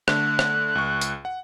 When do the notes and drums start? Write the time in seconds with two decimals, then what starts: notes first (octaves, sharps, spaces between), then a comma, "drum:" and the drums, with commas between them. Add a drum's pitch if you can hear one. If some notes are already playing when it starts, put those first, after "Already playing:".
0.08 D3 A3 F#6, drum: rim click
0.39 drum: rim click
0.75 C#2 C#6
1.02 drum: hi-hat
1.25 F#5